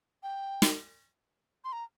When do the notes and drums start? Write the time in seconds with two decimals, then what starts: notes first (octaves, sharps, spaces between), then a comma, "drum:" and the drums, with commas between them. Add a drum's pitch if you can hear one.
0.23 G5
0.62 drum: snare
1.64 C6
1.72 A#5